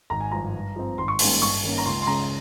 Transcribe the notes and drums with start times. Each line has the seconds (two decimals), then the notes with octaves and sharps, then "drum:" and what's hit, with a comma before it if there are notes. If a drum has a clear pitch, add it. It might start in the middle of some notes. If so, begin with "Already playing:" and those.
0.10 G#1 A#5
0.21 G#5
0.32 G2 F3 A#5
0.55 G2
0.76 F3 C4
0.98 G#1 C6
1.08 C#6
1.19 G#2 G3 A#3 C#4 C6, drum: open hi-hat
1.42 G2 C#6
1.64 D#3 A#3 C#4
1.78 A#5
1.85 C#2 C6
2.02 C6
2.07 C#3 G#3 C#4 A#5